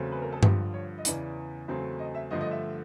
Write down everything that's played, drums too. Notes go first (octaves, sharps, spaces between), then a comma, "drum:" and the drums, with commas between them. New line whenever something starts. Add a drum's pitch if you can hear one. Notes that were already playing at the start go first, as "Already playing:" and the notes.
Already playing: E2 C#3 F#3 A3 C4
B4
A#4
A4
G2 D3 F3 G4, drum: tom G2
C#5
D#5
E2 C#3 E3 D5, drum: hi-hat
E2 C#3 F#3 A3 C4
D#5
E5
G2 D3 F3 A3 D#5
D#5
E5